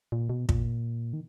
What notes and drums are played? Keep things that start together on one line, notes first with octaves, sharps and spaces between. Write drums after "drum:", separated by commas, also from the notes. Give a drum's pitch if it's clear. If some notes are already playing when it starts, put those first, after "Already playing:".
A#2
B2
A#2, drum: kick
D#3